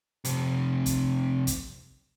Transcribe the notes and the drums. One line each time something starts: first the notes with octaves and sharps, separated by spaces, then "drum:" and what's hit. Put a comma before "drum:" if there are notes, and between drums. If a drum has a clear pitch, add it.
F2 C3, drum: hi-hat
drum: kick, hi-hat
drum: kick, hi-hat